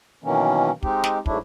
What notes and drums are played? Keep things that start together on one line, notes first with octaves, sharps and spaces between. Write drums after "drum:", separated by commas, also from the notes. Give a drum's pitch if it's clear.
B2 D#3 E3 F#3 A#3 C#4
G#3 C4 D#4 G4, drum: kick
drum: snare
G#2 F#3 A3 D4 E4, drum: kick